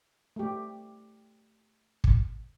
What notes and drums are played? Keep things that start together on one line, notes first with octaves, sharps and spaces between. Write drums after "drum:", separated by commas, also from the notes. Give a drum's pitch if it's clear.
A3 G4
drum: kick